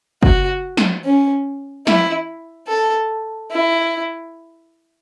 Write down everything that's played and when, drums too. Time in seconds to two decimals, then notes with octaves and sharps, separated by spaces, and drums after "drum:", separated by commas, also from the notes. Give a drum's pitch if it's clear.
0.23 F#4, drum: kick F#1
0.77 drum: snare
1.05 C#4
1.87 E4, drum: snare
2.68 A4
3.51 E4